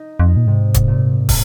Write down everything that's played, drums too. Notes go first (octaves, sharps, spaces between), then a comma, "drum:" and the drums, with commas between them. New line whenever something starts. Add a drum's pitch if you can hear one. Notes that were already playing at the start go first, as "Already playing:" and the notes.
Already playing: D#4
F2
D#4
A#2
G#2 C3
drum: kick, hi-hat
A#2
drum: kick, open hi-hat